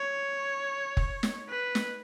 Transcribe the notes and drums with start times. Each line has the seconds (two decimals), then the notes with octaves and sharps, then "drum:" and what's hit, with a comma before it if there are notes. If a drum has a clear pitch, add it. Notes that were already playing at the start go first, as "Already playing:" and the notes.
Already playing: C#5
0.97 drum: kick F1
1.23 drum: snare
1.49 B4
1.75 drum: snare